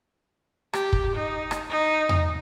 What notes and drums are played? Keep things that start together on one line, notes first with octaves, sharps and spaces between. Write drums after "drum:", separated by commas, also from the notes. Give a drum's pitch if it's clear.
G4, drum: rim click
drum: kick
D#4
drum: rim click
D#4
drum: tom E2